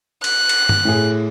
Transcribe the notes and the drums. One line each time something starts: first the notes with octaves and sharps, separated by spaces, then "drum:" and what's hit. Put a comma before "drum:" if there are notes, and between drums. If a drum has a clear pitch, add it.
F#6, drum: cymbal
drum: cymbal
drum: tom G2
A2 G#4